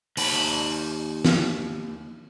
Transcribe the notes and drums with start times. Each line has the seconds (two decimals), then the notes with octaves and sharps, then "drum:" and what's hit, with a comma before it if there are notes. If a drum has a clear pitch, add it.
0.17 D#2 B5, drum: open hi-hat
1.25 drum: snare